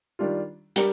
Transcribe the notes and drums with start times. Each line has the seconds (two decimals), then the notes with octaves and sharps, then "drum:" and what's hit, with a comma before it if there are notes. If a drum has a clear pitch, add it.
0.19 D#3 G3 D4 F4
0.76 G3 D4 G4 A#4, drum: hi-hat